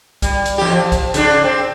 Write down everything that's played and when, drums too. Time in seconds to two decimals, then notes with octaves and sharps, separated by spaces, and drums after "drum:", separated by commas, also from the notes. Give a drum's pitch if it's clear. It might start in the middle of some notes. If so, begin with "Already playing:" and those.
0.22 G3, drum: kick, hi-hat
0.46 drum: hi-hat
0.58 E2 G4
0.73 F3
0.92 drum: kick, hi-hat
1.14 C#3 D4, drum: hi-hat
1.44 C4